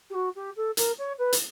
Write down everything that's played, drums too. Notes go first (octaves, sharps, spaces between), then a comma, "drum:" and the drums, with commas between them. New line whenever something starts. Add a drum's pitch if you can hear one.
G4
F#4
G4
A4
A#4, drum: hi-hat
C#5
B4
drum: hi-hat